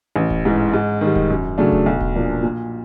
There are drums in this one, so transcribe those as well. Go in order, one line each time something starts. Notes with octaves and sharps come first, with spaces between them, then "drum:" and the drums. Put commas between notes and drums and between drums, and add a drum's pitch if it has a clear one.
A1
drum: kick D#1
G#2 E3
G#2
D#3 G3
drum: kick D#1
F#2
C#3 F#3 A3 D4
drum: kick D#1
B1
drum: kick D#1
A#2 F3 A#3 D4
A#2